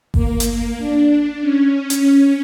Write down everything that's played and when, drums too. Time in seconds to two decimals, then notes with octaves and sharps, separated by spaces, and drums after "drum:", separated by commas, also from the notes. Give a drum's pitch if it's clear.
0.14 A#3, drum: kick G1
0.40 drum: hi-hat
0.78 D4
1.41 C#4
1.90 drum: hi-hat